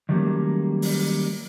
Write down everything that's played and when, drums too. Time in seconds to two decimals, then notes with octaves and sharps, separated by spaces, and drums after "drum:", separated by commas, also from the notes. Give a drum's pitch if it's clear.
0.09 D#3 F#3 G3 A3 A#3 C#4
0.82 drum: open hi-hat